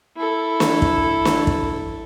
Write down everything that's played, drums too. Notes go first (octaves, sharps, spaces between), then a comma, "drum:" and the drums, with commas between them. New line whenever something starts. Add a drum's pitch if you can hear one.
E4 A4
drum: snare
drum: kick
drum: snare
drum: kick